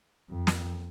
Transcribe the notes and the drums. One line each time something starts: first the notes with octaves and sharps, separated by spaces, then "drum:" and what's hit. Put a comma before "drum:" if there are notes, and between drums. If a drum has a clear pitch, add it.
F2
drum: snare